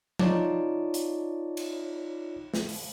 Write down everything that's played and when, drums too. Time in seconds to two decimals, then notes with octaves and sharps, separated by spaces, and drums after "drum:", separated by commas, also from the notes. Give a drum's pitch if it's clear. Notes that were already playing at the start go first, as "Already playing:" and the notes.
0.19 D#4 F4 C#5 D5 A5, drum: tom F3
0.94 drum: hi-hat
1.57 drum: cymbal
2.54 drum: snare
2.69 drum: open hi-hat